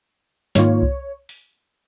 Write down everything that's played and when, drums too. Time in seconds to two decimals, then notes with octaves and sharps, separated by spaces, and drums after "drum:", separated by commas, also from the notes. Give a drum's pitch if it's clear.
0.55 G#2 D#3 A#3 F4 C#5, drum: snare
0.83 drum: kick C2
1.29 drum: open hi-hat